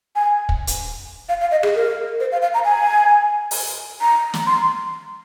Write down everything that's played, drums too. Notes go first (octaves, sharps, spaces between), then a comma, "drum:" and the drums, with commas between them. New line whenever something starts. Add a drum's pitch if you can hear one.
G#5
drum: kick
drum: hi-hat
F5
F5
D#5
G#4, drum: rim click
A#4
C5
F5
F5
A#5
G#5
drum: open hi-hat
A#5
drum: snare
C6